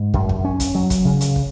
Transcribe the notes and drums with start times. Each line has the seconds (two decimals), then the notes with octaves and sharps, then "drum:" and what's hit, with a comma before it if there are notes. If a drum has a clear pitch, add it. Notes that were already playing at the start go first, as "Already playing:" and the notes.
Already playing: G#2
0.14 F#2, drum: kick
0.29 drum: kick
0.45 C#4
0.60 drum: kick, hi-hat
0.75 F#3
0.90 drum: kick, hi-hat
1.05 C#3
1.21 drum: hi-hat
1.36 drum: kick